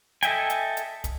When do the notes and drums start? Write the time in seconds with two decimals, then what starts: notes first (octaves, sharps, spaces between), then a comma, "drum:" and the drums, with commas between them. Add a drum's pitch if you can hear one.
0.23 A4 D#5 E5 G5 G#5, drum: hi-hat
0.50 drum: hi-hat
0.77 drum: hi-hat
1.04 drum: kick, hi-hat